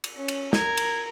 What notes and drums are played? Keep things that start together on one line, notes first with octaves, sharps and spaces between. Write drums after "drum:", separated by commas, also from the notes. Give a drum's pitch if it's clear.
drum: cymbal
C#4
drum: cymbal
A#4 G#6, drum: snare
drum: cymbal